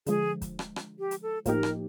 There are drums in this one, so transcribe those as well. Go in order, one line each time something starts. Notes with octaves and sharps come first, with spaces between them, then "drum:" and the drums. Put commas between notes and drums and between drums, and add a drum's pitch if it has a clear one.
D3 F3 G#3 G#4, drum: hi-hat
drum: kick, hi-hat
drum: rim click
drum: rim click
G4
drum: hi-hat
A4
A2 F3 A#3 D#4 G4 A#4, drum: kick, hi-hat
drum: rim click